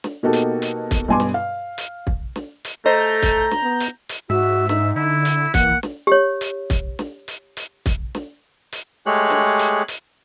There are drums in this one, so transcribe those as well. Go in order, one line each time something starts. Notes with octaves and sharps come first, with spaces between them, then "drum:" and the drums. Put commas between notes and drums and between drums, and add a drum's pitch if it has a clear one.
drum: snare
B2 A#3 D#4 F#4 G4 A4
drum: hi-hat
drum: hi-hat
drum: kick, hi-hat
G2 B2 G#5 C6 D6
drum: snare
F5
drum: hi-hat
drum: kick
drum: snare
drum: hi-hat
A3 A4 C5 D#5 A#5 G6
drum: kick, hi-hat
drum: snare
B3
drum: hi-hat
drum: hi-hat
G#2 F#4 E5
D#4 E5, drum: snare
D3 E4
drum: hi-hat
E3 A#3 F#5, drum: kick, hi-hat
drum: snare
G4 C#5
drum: hi-hat
drum: kick, hi-hat
drum: snare
drum: hi-hat
drum: hi-hat
drum: kick, hi-hat
drum: snare
drum: hi-hat
G#3 A3 G4 G#4 C#5 F#6
drum: snare
drum: hi-hat
drum: hi-hat